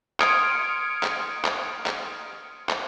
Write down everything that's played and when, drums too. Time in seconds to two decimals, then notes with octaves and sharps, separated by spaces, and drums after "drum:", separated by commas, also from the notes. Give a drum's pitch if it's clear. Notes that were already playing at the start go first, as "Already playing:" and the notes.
0.20 C6 D#6 F6 G#6 C#7 D7, drum: clap
1.03 drum: clap
1.45 drum: clap
1.86 drum: clap
2.69 drum: clap